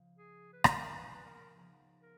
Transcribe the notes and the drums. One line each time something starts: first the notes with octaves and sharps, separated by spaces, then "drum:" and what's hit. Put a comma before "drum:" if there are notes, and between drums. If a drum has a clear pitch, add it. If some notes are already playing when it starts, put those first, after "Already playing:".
Already playing: C#2 C#3 F3
G#4
B4
C#3 F3 B3 D#4 G#4 A#4, drum: rim click
B4
B4
A#4
C#3 F3 B3 D#4 G#4
A#4